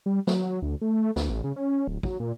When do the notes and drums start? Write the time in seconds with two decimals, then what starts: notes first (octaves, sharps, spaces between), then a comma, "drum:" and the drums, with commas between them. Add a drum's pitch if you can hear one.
0.06 G3
0.27 F#3, drum: snare
0.62 D2
0.81 A3
1.16 D2, drum: snare
1.30 A1
1.44 C#3
1.56 C#4
1.88 D1
2.03 F#3, drum: kick
2.20 A#2